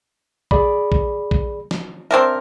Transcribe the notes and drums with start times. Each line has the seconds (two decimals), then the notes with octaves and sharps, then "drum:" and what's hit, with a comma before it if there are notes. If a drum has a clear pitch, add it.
0.51 G#4 D5 B5, drum: kick A#1
0.92 drum: kick A#1
1.31 drum: kick A#1
1.71 drum: snare
2.11 C4 D4 A#4 E5